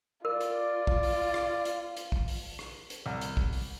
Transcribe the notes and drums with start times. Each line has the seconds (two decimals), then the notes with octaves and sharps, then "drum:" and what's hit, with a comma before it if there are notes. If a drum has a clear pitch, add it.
0.25 F4 A#4 D5
0.41 drum: hi-hat
0.87 drum: kick A#1
1.03 drum: open hi-hat
1.34 drum: rim click
1.65 drum: hi-hat
1.97 drum: hi-hat
2.12 drum: kick A#1
2.28 drum: open hi-hat
2.59 drum: rim click
2.90 drum: hi-hat
3.06 C2
3.21 drum: hi-hat
3.37 drum: kick A#1
3.53 drum: open hi-hat